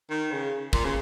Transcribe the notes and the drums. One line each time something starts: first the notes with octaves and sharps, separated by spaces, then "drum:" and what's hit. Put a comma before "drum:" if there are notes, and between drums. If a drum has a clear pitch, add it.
D#3
C#3
A#2, drum: kick
C#3